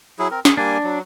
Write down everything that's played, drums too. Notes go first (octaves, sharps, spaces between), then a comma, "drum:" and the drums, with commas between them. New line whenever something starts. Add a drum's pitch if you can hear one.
F#3 E4 G#4
C4 A#4
G#4 G#5, drum: snare
G3 A#3 D4 G#5
F#3